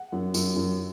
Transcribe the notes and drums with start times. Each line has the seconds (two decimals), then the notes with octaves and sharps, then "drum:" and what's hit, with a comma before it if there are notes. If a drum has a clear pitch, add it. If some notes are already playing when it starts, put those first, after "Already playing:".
Already playing: F#5
0.12 F#2
0.34 F#2, drum: tambourine
0.56 F#2